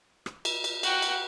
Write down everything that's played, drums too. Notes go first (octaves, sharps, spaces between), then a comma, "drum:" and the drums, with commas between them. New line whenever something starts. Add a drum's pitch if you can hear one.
drum: rim click
drum: cymbal
drum: cymbal
F#4 F#5 G5, drum: cymbal
drum: cymbal